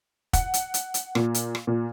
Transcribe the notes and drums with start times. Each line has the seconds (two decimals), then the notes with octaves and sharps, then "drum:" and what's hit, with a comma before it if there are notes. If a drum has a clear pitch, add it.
0.33 F#5, drum: kick, hi-hat
0.54 drum: hi-hat
0.74 drum: hi-hat
0.94 drum: hi-hat
1.15 A#2, drum: rim click
1.34 drum: hi-hat
1.55 drum: rim click
1.67 A#2